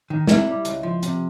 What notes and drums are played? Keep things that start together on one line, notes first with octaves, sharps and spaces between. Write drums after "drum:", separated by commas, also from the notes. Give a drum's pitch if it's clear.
D#3
C3 E4, drum: snare
G3
C#2, drum: hi-hat
F3
C3, drum: hi-hat